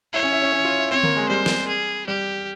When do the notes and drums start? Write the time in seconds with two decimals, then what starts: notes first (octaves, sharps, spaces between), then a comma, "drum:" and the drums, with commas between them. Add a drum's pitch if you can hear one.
0.13 E4 C#5
0.23 C#4
0.33 E4
0.42 C#4
0.52 C#4
0.65 F4
0.78 E4
0.91 C4 C#5
1.03 A#3, drum: tom D3
1.16 G#3
1.29 G3 C5
1.46 drum: snare
1.68 G#4
2.07 G3 G4